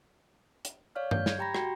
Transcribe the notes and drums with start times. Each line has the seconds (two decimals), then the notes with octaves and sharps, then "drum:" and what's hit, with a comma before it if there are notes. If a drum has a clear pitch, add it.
0.65 drum: hi-hat
0.95 C#5 D5 F5 F6
1.11 G6, drum: tom G2
1.26 G#6, drum: snare
1.38 G4 G5 A#5 B5 A#6
1.55 F#4 G4 G5, drum: rim click